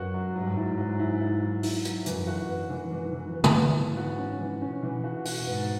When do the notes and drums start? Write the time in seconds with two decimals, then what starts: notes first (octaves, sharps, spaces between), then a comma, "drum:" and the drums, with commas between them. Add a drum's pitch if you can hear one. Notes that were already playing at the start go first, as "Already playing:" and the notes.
Already playing: F#2 F#3 B3 F#4
0.14 F#3
0.35 G#2 F#3
0.57 E4
0.78 F#3
0.99 E4
1.20 E4
1.42 F#3
1.63 E4, drum: open hi-hat
1.85 F#3, drum: hi-hat
2.06 F#2 E3, drum: hi-hat
2.27 F#4
2.49 F#2 B3
2.70 E3
2.91 E3
3.12 E3
3.33 B3
3.44 drum: tom
3.55 B3
3.76 G#2 E3
3.97 F#4
4.19 C#4
4.40 E3
4.61 B2 C#4
4.83 E3
5.04 F#4
5.25 F#4, drum: open hi-hat
5.46 G#2 B3